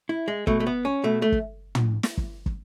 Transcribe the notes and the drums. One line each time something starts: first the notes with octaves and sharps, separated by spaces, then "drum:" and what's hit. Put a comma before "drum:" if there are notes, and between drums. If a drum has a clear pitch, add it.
E4
G#3
B2 A3, drum: kick
A3
B3
C#4
B2 A3
A3
drum: kick
drum: tom
drum: snare
drum: kick
drum: kick